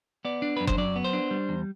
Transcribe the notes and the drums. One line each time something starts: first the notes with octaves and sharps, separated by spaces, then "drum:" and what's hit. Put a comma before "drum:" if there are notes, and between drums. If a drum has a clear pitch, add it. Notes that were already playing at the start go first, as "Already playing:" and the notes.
B3 D5
D4
F#2 B4
C5, drum: kick F#1
F#3 D5
B3
C5
D4
G3
E2